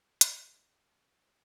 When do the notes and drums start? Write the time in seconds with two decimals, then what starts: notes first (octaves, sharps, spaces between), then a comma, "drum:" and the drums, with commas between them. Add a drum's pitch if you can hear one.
0.21 B4 D5 A5 F#6, drum: hi-hat